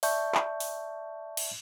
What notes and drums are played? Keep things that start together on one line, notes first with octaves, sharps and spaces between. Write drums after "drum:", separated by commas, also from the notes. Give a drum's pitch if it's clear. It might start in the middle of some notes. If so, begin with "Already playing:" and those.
D5 E5 A5 C#6 G6, drum: open hi-hat
drum: clap
drum: open hi-hat
drum: cymbal